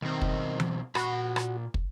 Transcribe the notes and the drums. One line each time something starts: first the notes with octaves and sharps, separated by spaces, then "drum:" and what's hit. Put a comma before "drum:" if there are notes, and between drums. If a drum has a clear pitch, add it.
B1 D#3 C4
drum: kick
drum: tom E3
A#2 F#4 B5, drum: rim click
drum: rim click
drum: kick